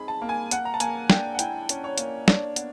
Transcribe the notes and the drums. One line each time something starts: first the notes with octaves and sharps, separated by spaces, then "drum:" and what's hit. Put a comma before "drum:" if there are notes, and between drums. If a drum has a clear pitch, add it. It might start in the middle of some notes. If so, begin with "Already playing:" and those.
Already playing: C4 D#4 G#4 B5
A5
A#3
G#5
A#3 F#5, drum: hi-hat
A#5
A5
A#3 G#5, drum: hi-hat
D4 G5, drum: snare
F#5
E4 G5, drum: hi-hat
C#4, drum: hi-hat
C#5
A#3, drum: hi-hat
D4 C#5, drum: snare
B3, drum: hi-hat